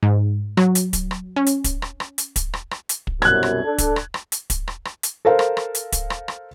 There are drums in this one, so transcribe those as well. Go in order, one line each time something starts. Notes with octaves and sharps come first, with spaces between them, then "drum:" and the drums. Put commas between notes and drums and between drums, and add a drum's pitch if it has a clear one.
G#2
F#3, drum: rim click
drum: hi-hat
drum: kick, hi-hat
drum: rim click
C#4
drum: hi-hat
drum: kick, hi-hat
drum: rim click
drum: rim click
drum: hi-hat
drum: kick, hi-hat
drum: rim click
drum: rim click
drum: hi-hat
drum: kick
C2 F#2 B2 F#6 G#6, drum: rim click
drum: rim click
D4 A4
drum: kick, hi-hat
drum: rim click
drum: rim click
drum: hi-hat
drum: kick, hi-hat
drum: rim click
drum: rim click
drum: hi-hat
A4 A#4 C5 F5
drum: rim click
drum: rim click
drum: hi-hat
drum: kick, hi-hat
drum: rim click
drum: rim click